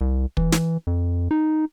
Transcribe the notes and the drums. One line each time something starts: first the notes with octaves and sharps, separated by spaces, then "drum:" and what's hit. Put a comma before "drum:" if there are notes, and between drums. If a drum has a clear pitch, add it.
C2
E3, drum: kick
drum: snare
F2
D#4